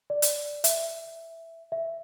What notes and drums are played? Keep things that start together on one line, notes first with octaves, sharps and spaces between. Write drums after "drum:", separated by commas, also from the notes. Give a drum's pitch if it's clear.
D5
drum: hi-hat
E5, drum: hi-hat
E5